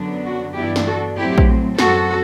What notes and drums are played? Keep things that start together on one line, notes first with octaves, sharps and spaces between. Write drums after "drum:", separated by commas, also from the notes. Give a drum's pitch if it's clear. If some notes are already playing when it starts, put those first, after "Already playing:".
Already playing: F#2 D3 F#3 B3 D4
F#4
G2 E3 B3 D4 E4 G4
drum: snare
F#4 A4
A2 F#3 A3 C4 E4 G4
drum: kick A#1
F#2 F#3 C4 F#4 A4, drum: snare